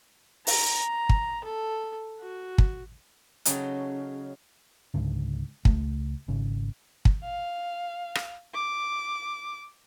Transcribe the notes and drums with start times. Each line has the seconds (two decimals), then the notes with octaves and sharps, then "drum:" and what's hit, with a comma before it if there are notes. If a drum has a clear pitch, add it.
0.47 A#5, drum: open hi-hat
1.09 drum: kick
1.44 A4
2.20 F#4
2.58 drum: kick
3.45 C#3 F#3 C#4 D#4 A4, drum: hi-hat
4.94 C#2 G#2 D3
5.65 C#2 A3, drum: kick
6.28 G#1 C#3
7.05 drum: kick
7.24 F5
8.15 drum: rim click
8.54 D6